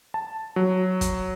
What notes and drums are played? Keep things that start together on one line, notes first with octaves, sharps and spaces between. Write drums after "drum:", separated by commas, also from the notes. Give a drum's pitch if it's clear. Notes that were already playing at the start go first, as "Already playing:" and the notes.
A5
F#3
drum: kick, hi-hat